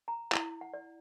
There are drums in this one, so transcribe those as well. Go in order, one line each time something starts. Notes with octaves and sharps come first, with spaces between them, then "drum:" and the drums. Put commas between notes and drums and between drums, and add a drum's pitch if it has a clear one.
A#5
E4, drum: clap
F#5
D5